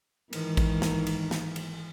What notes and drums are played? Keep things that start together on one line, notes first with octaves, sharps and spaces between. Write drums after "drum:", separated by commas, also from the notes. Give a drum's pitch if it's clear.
G#2 D#3 E3, drum: cymbal
drum: kick A#1, cymbal
drum: snare
drum: cymbal
drum: snare
drum: cymbal